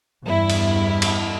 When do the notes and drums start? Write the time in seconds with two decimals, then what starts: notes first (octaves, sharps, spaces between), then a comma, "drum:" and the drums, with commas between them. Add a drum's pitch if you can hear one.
0.23 E2 G2 E4
0.50 drum: cymbal
1.02 drum: cymbal